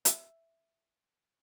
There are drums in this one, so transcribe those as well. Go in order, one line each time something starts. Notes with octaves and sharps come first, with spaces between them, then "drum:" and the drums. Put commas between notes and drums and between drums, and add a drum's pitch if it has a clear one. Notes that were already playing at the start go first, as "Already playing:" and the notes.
E5, drum: hi-hat